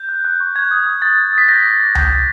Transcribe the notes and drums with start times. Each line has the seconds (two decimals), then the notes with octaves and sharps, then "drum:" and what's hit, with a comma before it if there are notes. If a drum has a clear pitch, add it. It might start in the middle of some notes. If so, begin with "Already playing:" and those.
Already playing: G6
0.09 F#6
0.25 F#6
0.40 C#6
0.56 G6 G#6
0.71 D#6
0.86 D#6
1.02 G6 A6
1.17 G6
1.33 D#6 B6
1.48 G6 A#6
1.64 D6
1.80 D6
1.95 G6, drum: tom C#2
2.10 G6